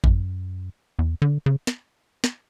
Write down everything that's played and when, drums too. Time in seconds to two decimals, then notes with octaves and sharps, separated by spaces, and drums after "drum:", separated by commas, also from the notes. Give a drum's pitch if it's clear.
0.04 F#2, drum: kick
0.99 E2
1.22 D3
1.46 C#3
1.67 drum: snare
2.24 drum: snare